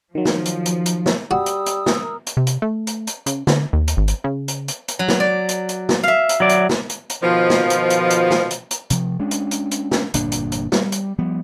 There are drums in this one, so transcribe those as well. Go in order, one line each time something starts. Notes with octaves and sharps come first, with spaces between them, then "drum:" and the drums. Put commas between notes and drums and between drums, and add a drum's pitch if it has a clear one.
D#3 F3 F#3
drum: snare
drum: hi-hat
drum: hi-hat
drum: hi-hat
drum: snare
G3 F#4 D#6 E6
drum: hi-hat
drum: hi-hat
drum: snare
A#4
drum: hi-hat
C3
drum: hi-hat
A3
drum: hi-hat
drum: hi-hat
C#3, drum: hi-hat
D3, drum: snare
D#2
drum: hi-hat
G#1
drum: hi-hat
C#3
drum: hi-hat
drum: hi-hat
drum: hi-hat
F#3
drum: snare
D5
drum: hi-hat
drum: hi-hat
drum: snare
E5 F5
drum: hi-hat
F#3 D5
drum: hi-hat
drum: snare
drum: hi-hat
drum: hi-hat
B2 D#3 F3
drum: snare
drum: hi-hat
drum: hi-hat
drum: hi-hat
drum: snare
drum: hi-hat
drum: hi-hat
C3 F3, drum: hi-hat
G#3 C#4 D4
drum: hi-hat
drum: hi-hat
drum: hi-hat
drum: snare
G1 F2 A#2 D4, drum: hi-hat
drum: hi-hat
drum: hi-hat
G3, drum: snare
drum: hi-hat
F3 G3 B3